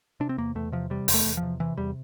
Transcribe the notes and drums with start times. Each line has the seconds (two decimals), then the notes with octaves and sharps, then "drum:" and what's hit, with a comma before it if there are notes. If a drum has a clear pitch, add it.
0.20 C3 D4
0.29 C4
0.38 E2 A#3
0.55 E2 A3
0.72 C3 F3
0.90 C3 G3
1.08 E2, drum: open hi-hat
1.14 A3
1.26 E2
1.37 F3
1.43 C3
1.60 C3 E3
1.78 E2 G3